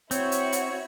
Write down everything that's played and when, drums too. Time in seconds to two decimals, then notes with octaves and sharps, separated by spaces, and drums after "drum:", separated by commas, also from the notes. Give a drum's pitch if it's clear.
0.11 C4 E4 F#4 C#5, drum: hi-hat
0.32 drum: hi-hat
0.52 drum: hi-hat